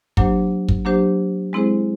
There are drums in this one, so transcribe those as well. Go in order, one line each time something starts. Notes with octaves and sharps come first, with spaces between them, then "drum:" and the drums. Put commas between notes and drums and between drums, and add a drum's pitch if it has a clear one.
F#3 A#3 D4 G4 C5, drum: kick
drum: kick
F#3 A#3 D4 G4 C5
G#3 C4 E4 G#4 C5